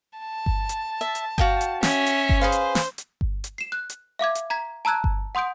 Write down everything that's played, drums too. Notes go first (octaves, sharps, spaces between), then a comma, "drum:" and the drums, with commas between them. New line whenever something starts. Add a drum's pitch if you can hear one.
A5
drum: kick G1
drum: hi-hat
E5
drum: hi-hat
F#4 F5 G5, drum: kick G1
drum: hi-hat
C#4 E5, drum: snare
drum: hi-hat
drum: kick G1
G#4 B4 C5 F5
drum: hi-hat
drum: snare
drum: hi-hat
drum: kick G1
drum: hi-hat
C7 E7
F#6
drum: hi-hat
E5 F5 D6 G#6
drum: hi-hat
A#5 G#6 B6
A5 A#5 E6 F#6 G#6
drum: kick G1
F#5 C6 D#6 G6 D7